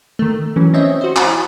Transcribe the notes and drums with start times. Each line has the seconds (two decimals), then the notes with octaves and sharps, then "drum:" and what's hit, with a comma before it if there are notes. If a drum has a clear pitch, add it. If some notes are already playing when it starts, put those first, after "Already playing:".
0.19 D#3 A3
0.56 E3 F#3 C#4
0.74 C4 C#4 C#5 D#5 E5
1.01 F#4 C5
1.16 drum: clap
1.27 E4